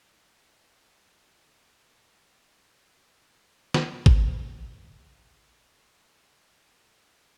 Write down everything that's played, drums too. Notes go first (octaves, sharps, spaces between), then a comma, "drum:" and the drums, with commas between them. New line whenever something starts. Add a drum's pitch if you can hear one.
B4 D5
C5 B5 C#6 D6
B3 C4 G#4 A4 B4
C3 A#3
G#1
A1
G#2
F2
C#3
C3
F#3 C#5
drum: snare
drum: kick
G3
C5
G4
D5
C4
A3
D#4
A#3
F4
E4
D#3
B2